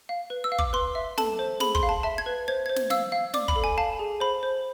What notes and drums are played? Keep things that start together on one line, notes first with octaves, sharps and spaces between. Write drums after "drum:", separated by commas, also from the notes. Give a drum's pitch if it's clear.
F5
B4
E6
F5
D6, drum: kick
B4 C6
E5
A4 A5, drum: snare
C5
G#4 B5, drum: snare
C6, drum: kick
F5
A5
E5 A5
G#6
B4
C5 G#6
C5 G#6
drum: snare
F5 E6, drum: snare
F5
D5 D6, drum: snare
B5, drum: kick
A4
G#5
F5 A5
G#4
C5 B5
C5